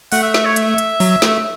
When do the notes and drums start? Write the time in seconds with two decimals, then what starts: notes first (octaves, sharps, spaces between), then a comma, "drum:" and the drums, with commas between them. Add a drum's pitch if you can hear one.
0.12 A3 F#5, drum: open hi-hat
0.23 E5
0.34 E5, drum: snare
0.45 C#5
0.56 E5, drum: hi-hat
0.78 drum: hi-hat
1.00 F#3, drum: open hi-hat
1.22 A3, drum: snare